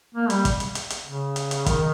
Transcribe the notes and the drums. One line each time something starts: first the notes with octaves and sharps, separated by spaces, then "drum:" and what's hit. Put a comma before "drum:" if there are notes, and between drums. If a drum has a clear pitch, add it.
A#3
G3, drum: hi-hat
drum: kick, hi-hat
drum: hi-hat
drum: hi-hat
drum: hi-hat
C#3
drum: hi-hat
drum: hi-hat
D#3, drum: kick, hi-hat